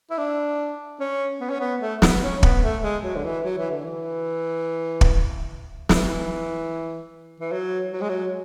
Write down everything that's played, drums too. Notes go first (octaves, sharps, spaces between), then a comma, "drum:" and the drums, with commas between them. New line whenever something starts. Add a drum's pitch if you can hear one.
E4
D4
C#4
B3
C#4
B3
A3
B3, drum: snare
C#4
B3, drum: kick
A3
G#3
F#3
D3
E3
F#3
E3
D3
E3
drum: kick
E3, drum: snare
E3
F#3
F#3
G#3
F#3